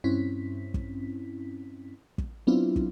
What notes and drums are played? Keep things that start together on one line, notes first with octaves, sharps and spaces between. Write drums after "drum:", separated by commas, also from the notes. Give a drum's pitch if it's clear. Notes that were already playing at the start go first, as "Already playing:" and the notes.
G2 C4 C#4 E4 B6
drum: kick
drum: kick
F#3 B3 C4 D4 E4 F4
drum: kick